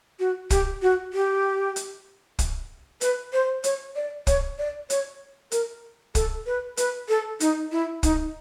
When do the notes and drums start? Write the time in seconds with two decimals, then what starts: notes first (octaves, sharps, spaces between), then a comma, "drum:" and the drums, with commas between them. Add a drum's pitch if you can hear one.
0.19 F#4
0.50 G4, drum: kick, hi-hat
0.82 F#4
1.13 G4
1.76 drum: hi-hat
2.39 drum: kick, hi-hat
3.01 B4, drum: hi-hat
3.33 C5
3.64 C#5, drum: hi-hat
3.96 D5
4.27 C#5, drum: kick, hi-hat
4.58 D5
4.90 C#5, drum: hi-hat
5.52 A#4, drum: hi-hat
6.15 A4, drum: kick, hi-hat
6.46 B4
6.77 B4, drum: hi-hat
7.09 A4
7.40 D#4, drum: hi-hat
7.72 E4
8.03 D#4, drum: kick, hi-hat